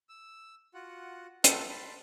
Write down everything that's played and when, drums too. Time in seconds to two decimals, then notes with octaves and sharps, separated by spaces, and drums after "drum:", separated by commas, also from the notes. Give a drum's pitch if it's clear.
0.09 E6
0.74 F4 F#4 F#5
1.44 D#4 F4 A4 B4 A5, drum: hi-hat
1.70 A5 B5 C6